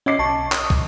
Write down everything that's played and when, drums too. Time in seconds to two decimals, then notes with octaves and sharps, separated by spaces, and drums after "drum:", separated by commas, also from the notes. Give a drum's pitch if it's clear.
0.06 C#4 D#5 D6 C7
0.19 B1 A5 C#6
0.52 D#6, drum: clap
0.70 drum: kick